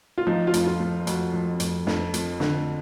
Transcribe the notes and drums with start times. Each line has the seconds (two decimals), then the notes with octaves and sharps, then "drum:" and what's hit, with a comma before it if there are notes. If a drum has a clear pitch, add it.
0.18 F4
0.27 F3 D#4
0.47 F4
0.54 F2, drum: hi-hat
0.66 F4
0.80 F3
1.07 F2 F#4, drum: hi-hat
1.34 F3
1.60 F2, drum: hi-hat
1.87 F2, drum: snare
2.14 F3, drum: hi-hat
2.40 D3, drum: snare